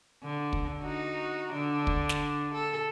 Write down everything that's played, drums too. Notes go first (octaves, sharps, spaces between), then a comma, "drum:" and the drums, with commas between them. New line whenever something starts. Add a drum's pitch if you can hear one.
D3
drum: kick
D#4 F#4
D3 D4
drum: kick
drum: snare
A4